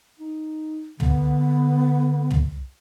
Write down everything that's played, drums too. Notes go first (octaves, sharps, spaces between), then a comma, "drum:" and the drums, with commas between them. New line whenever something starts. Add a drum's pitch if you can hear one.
D#4
D3 B3, drum: tom
drum: tom